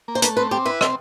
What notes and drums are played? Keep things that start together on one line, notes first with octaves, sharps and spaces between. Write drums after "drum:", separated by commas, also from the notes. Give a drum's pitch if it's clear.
A#3
C5
A3 B4, drum: hi-hat
C4 B4
C4 G4
E4 B4
C4, drum: rim click